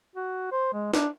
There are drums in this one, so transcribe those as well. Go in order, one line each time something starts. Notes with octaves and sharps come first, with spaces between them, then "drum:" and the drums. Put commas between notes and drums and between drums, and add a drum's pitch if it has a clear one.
F#4
C5
G#3
D4, drum: snare